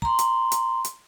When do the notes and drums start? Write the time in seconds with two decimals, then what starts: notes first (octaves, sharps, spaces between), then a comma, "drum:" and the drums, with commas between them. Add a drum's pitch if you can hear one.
0.02 A#5 C6, drum: kick
0.19 drum: hi-hat
0.52 drum: hi-hat
0.85 drum: hi-hat